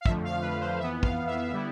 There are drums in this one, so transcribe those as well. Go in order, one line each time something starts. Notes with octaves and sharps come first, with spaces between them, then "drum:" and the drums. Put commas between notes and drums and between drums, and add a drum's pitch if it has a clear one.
F5
F2 D3 F3 A3 E5, drum: kick
F5
B4
C5
F2 E3 B3 E5
F5, drum: kick
E5
D3 G3 B3 E4